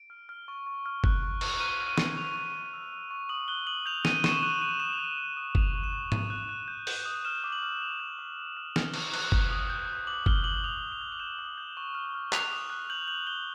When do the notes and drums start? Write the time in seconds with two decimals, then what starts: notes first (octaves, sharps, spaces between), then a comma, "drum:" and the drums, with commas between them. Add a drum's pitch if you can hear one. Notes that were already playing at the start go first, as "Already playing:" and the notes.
Already playing: D7
0.10 F6
0.29 F6
0.48 C#6
0.66 C#6
0.86 F6
1.04 F#6, drum: kick
1.23 C#6
1.41 C#6, drum: cymbal
1.60 F6 D#7
1.79 F6
1.89 D#7
1.98 F6, drum: snare
2.17 C#6 F7
2.36 C#6
2.54 C#6
2.73 E6
2.92 C#6
3.11 C#6
3.29 D#6 F#7
3.48 F#6 G7
3.67 D#6 F#7
3.86 G6 F7
4.05 G6 D#7, drum: snare
4.17 D#7
4.24 C#6 E7, drum: snare
4.42 F#6 D#7
4.61 F#6 D#7
4.80 D#6 E7
4.93 F7
4.99 G6
5.05 E7
5.18 D#6
5.37 D#6
5.55 C#6 F7, drum: kick
5.75 C#6
5.84 E7
5.93 C#6
6.12 C#6 D#7, drum: tom G#2
6.30 F#6
6.49 F#6
6.68 G6
6.87 G6, drum: open hi-hat
7.05 D#6
7.25 F6 E7
7.44 D6
7.52 F#7
7.63 F6
7.81 D6 F7
8.00 G6
8.19 D6
8.37 D6
8.57 F6
8.76 F6, drum: snare
8.94 C#6, drum: cymbal
9.14 F#6, drum: cymbal
9.32 F#6, drum: kick
9.51 D#6
9.70 G6
9.88 G6
10.07 D6 F#7
10.26 F6 G7, drum: kick
10.44 D6 F#7
10.64 D#6 F7
10.82 D#6
10.92 F7
11.01 G6
11.12 F7
11.20 G6 E7
11.39 D#6
11.58 G6
11.77 C#6
11.95 F6
12.15 F6
12.33 F#6 F7, drum: clap
12.52 D#6
12.70 F#6
12.90 G6 F#7
13.08 G6 F#7
13.27 G6 G7